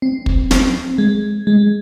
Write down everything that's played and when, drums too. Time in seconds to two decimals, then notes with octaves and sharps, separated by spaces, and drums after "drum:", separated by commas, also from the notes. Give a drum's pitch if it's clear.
0.02 C4
0.26 drum: kick
0.51 C4, drum: snare
0.98 G#3
1.47 G#3